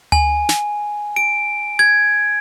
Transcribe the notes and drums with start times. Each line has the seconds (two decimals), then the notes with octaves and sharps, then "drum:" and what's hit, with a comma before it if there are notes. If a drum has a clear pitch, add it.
0.12 G#5, drum: tom D2
0.49 drum: snare
1.16 D7
1.79 G#6